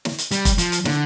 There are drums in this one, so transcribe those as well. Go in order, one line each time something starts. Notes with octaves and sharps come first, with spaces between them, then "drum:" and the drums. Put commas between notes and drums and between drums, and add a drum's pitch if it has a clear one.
drum: snare
drum: hi-hat
G3, drum: hi-hat
drum: kick F1, hi-hat
F3, drum: hi-hat
drum: hi-hat
D3, drum: snare